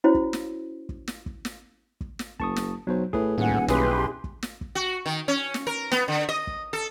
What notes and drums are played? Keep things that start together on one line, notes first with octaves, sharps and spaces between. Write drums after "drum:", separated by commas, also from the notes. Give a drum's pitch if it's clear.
C#4 E4 F#4 C5 C#5
drum: kick
drum: snare
drum: kick
drum: snare
drum: kick
drum: snare
drum: kick
drum: snare
F#1 A5 C#6 D#6, drum: kick
drum: snare
B1 F#3 C5
A2 G#4 B4, drum: kick
D#1 A2 F#5 G#5
drum: kick
B1 C#4 E4 G4 G#4 B4 C6, drum: snare
drum: kick
drum: snare
drum: kick
F#4
D#3
C#4
drum: snare
A#4
B3, drum: snare
D3
D#5
drum: kick
A4